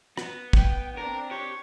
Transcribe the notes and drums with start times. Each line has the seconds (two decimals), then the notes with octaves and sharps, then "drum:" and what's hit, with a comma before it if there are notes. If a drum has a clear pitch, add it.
0.18 B3, drum: rim click
0.53 G5, drum: kick
0.97 C4 D4 A#4
1.31 G4 C#5